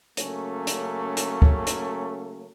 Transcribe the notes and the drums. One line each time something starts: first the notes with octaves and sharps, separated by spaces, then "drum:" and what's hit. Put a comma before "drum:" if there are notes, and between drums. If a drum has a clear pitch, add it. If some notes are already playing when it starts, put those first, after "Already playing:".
C#3 F#3 A3 A#3 C#4, drum: hi-hat
drum: hi-hat
drum: hi-hat
drum: kick
drum: hi-hat